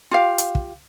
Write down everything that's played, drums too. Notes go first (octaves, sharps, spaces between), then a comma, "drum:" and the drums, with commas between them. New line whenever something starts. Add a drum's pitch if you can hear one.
F4 G4 F5
drum: hi-hat
drum: kick